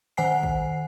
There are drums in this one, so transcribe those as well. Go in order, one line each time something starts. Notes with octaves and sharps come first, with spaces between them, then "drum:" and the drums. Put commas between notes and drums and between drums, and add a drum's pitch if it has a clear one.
D#3 C5 F#5 G#5 C7
drum: kick